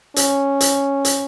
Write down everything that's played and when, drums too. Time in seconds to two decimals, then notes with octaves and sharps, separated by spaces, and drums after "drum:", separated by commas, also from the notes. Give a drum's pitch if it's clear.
0.16 C#4, drum: hi-hat
0.61 drum: hi-hat
1.05 drum: hi-hat